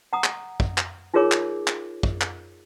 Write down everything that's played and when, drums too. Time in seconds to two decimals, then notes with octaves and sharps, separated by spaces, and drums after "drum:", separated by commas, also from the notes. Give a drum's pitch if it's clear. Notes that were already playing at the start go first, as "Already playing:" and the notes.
0.13 F#5 A#5 D#6
0.24 drum: clap
0.60 drum: kick
0.78 drum: clap
1.14 D#4 F4 G#4 A#4 C#5 D6
1.32 drum: clap
1.67 drum: clap
2.03 drum: kick
2.21 drum: clap